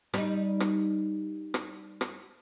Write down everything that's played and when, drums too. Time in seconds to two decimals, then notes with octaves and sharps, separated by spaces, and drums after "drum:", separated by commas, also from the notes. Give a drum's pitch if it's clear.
0.14 G3 D#4, drum: rim click
0.60 drum: rim click
1.54 drum: rim click
2.01 drum: rim click